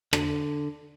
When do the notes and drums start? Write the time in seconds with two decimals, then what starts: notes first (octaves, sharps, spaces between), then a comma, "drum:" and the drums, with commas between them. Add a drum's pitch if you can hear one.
0.13 D3, drum: rim click